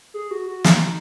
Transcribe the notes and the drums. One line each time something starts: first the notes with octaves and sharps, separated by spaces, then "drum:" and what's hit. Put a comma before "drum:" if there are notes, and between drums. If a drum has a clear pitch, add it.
G#4
F#4
F#4
D#4, drum: snare